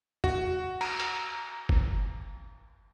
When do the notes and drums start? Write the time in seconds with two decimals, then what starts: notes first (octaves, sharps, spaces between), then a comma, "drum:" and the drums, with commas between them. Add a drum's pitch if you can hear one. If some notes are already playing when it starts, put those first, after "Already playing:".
0.24 F#4, drum: tom
0.81 A#5, drum: cymbal
1.00 drum: hi-hat
1.69 drum: kick F#1